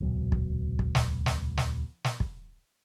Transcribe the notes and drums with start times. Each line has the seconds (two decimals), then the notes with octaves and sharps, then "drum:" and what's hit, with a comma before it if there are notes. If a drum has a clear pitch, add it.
0.01 D#1 C#2 B2 F#3
0.32 drum: kick
0.79 drum: kick
0.95 drum: snare
1.26 drum: snare
1.57 drum: snare
2.04 drum: snare
2.20 drum: kick